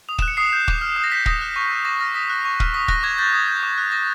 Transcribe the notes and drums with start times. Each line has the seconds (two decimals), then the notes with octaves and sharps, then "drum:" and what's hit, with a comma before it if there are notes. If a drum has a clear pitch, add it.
0.09 D#6 F7
0.18 E7, drum: kick
0.22 F#6
0.28 C#7
0.37 D#6 C7
0.53 G6
0.68 D6, drum: kick
0.81 F6
0.96 D#6
1.04 A#6
1.11 G6 B6
1.26 D#6 A#6, drum: kick
1.41 F#6
1.56 C#6
1.70 E6 G6
1.85 D6 A#6
2.00 F6 A#6
2.14 D#6 B6
2.30 F#6
2.45 C#6
2.60 F6, drum: kick
2.74 D#6 B6
2.88 F#6 A#6, drum: kick
3.03 D6 G#6
3.18 G6 A6
3.33 D#6
3.48 G6
3.63 D6
3.78 F#6
3.92 D6 A#6